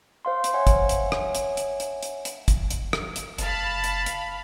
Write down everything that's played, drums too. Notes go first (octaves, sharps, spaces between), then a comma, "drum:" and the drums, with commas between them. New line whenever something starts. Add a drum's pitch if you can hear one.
C5 F5 C6
drum: hi-hat
C#5 E5 F#5 G#5
drum: kick, hi-hat
drum: hi-hat
drum: rim click
drum: hi-hat
drum: hi-hat
drum: hi-hat
drum: hi-hat
drum: hi-hat
drum: kick, hi-hat
drum: hi-hat
drum: rim click
drum: hi-hat
F#1 F5 A5 B5, drum: hi-hat
drum: hi-hat
drum: hi-hat